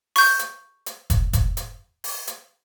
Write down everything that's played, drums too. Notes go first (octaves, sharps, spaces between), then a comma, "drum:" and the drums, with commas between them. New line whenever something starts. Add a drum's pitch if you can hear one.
C#6 G6, drum: open hi-hat
drum: hi-hat
drum: hi-hat
drum: kick, hi-hat
drum: kick, hi-hat
drum: hi-hat
drum: open hi-hat
drum: hi-hat